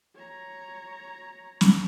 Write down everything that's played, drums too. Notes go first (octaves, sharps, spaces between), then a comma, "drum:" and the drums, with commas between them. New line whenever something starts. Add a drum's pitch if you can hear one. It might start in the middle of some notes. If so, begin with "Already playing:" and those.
C#5 A#5
drum: snare